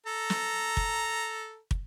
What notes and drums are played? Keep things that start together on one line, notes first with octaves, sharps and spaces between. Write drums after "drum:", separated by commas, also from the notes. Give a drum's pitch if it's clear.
A4 A#5
drum: snare
drum: kick
drum: kick